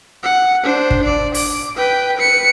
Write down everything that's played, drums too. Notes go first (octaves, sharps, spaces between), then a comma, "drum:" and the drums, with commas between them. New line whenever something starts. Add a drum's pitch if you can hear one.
F#5
D4 C5
drum: kick
D5
D6, drum: open hi-hat
B4 G5
B4 C#7